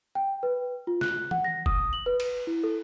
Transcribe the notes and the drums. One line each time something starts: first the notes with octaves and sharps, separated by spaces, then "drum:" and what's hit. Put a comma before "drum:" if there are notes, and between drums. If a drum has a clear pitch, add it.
G5
B4
F4
F#6, drum: snare
F#5, drum: tom E3
A#6
D#6, drum: kick F1
F#7
B4
drum: cymbal
E4
A4